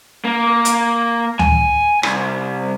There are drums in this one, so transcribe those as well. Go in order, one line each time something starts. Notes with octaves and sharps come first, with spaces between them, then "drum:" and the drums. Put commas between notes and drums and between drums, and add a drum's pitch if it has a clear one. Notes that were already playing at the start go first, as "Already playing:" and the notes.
A#3
drum: hi-hat
G#5, drum: tom D2
C2, drum: rim click